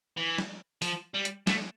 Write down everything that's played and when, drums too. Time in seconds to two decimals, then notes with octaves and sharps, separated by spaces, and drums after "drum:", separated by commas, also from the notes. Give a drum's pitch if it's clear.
0.17 E3
0.38 drum: snare
0.82 F3, drum: open hi-hat
1.14 G3
1.25 drum: hi-hat
1.47 A3, drum: snare